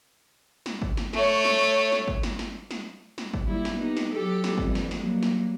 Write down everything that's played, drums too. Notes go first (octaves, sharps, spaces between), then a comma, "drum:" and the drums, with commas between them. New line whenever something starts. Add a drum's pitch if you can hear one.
drum: snare
drum: kick G1
drum: snare
A3 C#5, drum: snare
drum: snare
drum: snare
drum: kick G1
drum: snare
drum: snare
drum: snare
drum: snare
drum: kick G1
A#2 G3 E4
drum: snare
B3 D#4 G4
drum: snare
F#3 G4 A4
drum: snare
F2 E3 G3, drum: kick G1
drum: snare
drum: snare
F#3 G3 A#3
drum: snare